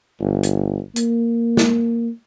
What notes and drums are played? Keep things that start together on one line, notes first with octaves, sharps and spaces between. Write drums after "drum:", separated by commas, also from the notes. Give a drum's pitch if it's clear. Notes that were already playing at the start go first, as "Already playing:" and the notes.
G1
drum: hi-hat
A#3, drum: hi-hat
drum: snare